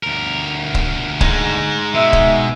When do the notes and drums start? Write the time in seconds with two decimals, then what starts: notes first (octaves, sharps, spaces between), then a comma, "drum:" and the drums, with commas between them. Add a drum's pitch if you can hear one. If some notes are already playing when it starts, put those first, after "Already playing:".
0.03 D2 A#4
0.75 drum: kick C#1
1.21 G#3 D#4, drum: kick C#1
1.95 B2 E5
2.13 drum: kick C#1